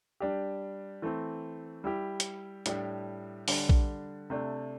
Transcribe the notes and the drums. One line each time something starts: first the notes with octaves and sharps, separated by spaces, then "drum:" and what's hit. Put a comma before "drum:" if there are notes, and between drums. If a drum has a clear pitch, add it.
G3 D4 G4
E3 A3 C4
G3 E4 G4
drum: hi-hat
A2 G3 D4 G4, drum: hi-hat
D3 G3 D4, drum: open hi-hat
drum: kick A#1
C3 A3 D4